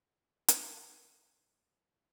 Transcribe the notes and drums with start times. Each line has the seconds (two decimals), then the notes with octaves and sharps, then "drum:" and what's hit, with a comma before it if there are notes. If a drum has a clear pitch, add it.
0.13 D3
0.48 drum: hi-hat
0.64 G2
0.99 E2
1.32 E3
1.69 B1